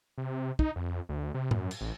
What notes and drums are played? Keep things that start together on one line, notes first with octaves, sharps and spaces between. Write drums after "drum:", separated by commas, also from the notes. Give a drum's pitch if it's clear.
C3
D#4, drum: kick
F2
D2
C3
F#2, drum: tom G#2
drum: cymbal
A1